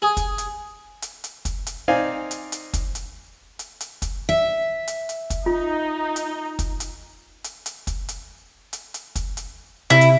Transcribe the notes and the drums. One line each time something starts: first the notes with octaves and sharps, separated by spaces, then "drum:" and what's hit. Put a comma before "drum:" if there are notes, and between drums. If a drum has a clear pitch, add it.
G#4
drum: kick, hi-hat
drum: hi-hat
drum: hi-hat
drum: hi-hat
drum: kick, hi-hat
drum: hi-hat
C4 D#4 D5 F5 G#5
drum: hi-hat
drum: hi-hat
drum: kick, hi-hat
drum: hi-hat
drum: hi-hat
drum: hi-hat
drum: kick, hi-hat
E5
drum: hi-hat
drum: hi-hat
drum: kick, hi-hat
D#4 F4
drum: hi-hat
drum: kick, hi-hat
drum: hi-hat
drum: hi-hat
drum: hi-hat
drum: kick, hi-hat
drum: hi-hat
drum: hi-hat
drum: hi-hat
drum: kick, hi-hat
drum: hi-hat
C3 E4 E5
drum: hi-hat